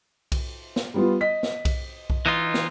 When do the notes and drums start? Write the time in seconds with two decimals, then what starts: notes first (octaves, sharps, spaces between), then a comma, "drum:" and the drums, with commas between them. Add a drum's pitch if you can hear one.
0.32 drum: kick B1, cymbal
0.76 drum: snare
0.94 G3 B3 F4
1.21 D#5 B6
1.43 drum: snare
1.65 drum: kick B1, cymbal
2.10 drum: kick B1
2.26 E3 D#4 F4
2.54 drum: snare